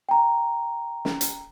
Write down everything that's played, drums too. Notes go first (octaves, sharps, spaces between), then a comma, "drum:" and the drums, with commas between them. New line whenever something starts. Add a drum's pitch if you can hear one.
G5 A#5
drum: snare
drum: hi-hat